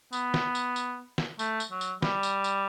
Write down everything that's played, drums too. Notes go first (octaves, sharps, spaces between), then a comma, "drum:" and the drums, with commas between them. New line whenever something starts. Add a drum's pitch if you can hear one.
B3, drum: tambourine
drum: snare
drum: tambourine
drum: tambourine
drum: snare
A3, drum: tambourine
drum: tambourine
F#3
drum: tambourine
G3, drum: snare
drum: tambourine
drum: tambourine